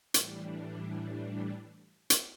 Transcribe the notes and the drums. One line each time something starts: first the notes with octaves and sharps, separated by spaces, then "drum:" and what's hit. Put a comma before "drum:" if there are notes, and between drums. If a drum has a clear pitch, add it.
A2 E3 G3 D4, drum: hi-hat
drum: hi-hat